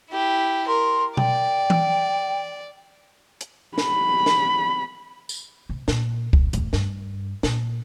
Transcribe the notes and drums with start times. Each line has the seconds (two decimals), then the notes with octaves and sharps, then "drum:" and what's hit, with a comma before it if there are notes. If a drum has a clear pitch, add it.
0.10 E4 G4
0.68 A#4 C6
1.17 D5 G5, drum: tom B2
1.70 drum: tom E3
3.41 drum: hi-hat
3.78 B5, drum: snare
4.26 drum: snare
5.29 drum: tambourine
5.69 C3
5.88 A#2, drum: snare
6.33 D#1, drum: kick C2
6.53 D1 E2, drum: hi-hat
6.73 G2, drum: snare
7.43 A#2, drum: snare